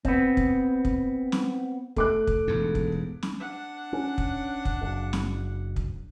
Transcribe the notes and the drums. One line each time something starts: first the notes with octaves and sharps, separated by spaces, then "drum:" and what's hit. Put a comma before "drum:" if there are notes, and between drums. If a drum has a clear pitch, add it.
B3 C4, drum: kick
drum: kick
drum: kick
drum: snare
A3 D6 F#6, drum: kick
drum: kick
E1 G#2
drum: kick
drum: snare
D4 F#5
C#4
drum: kick
drum: kick
F#1
drum: snare
drum: kick